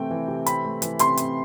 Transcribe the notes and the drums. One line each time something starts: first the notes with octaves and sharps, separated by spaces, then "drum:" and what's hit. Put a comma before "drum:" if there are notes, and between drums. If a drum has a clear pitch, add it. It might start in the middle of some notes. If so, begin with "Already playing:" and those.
Already playing: C3 E3 A3 C4 G5
E3
C3
C4 B5, drum: hi-hat
A3
E3, drum: hi-hat
C3 C6, drum: hi-hat
C4, drum: hi-hat